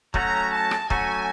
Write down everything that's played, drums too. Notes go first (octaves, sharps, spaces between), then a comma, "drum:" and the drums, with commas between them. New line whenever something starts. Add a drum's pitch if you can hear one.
F#3 A3 C#4 F#4 A#5, drum: kick C#1
A5
drum: rim click
F#3 A3 C#4 F#4 G#5, drum: kick C#1